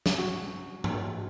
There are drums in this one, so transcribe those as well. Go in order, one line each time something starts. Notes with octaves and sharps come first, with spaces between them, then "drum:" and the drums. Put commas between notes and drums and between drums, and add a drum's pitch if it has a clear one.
drum: snare
F#4
drum: tom